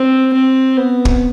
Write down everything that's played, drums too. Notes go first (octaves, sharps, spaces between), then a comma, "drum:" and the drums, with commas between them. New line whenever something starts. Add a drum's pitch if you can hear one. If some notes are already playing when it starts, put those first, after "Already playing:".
Already playing: C4
C4
B3
drum: kick